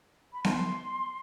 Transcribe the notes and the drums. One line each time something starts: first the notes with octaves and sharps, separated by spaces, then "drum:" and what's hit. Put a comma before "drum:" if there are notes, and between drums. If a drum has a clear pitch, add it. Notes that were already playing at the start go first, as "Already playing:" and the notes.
B5
C6, drum: snare B3